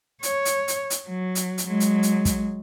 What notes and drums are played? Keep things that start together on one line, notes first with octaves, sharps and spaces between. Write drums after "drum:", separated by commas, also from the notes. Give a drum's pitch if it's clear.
C#5, drum: hi-hat
drum: hi-hat
drum: hi-hat
drum: hi-hat
F#3
drum: hi-hat
drum: hi-hat
F#3 G#3
drum: hi-hat
drum: hi-hat
drum: kick, hi-hat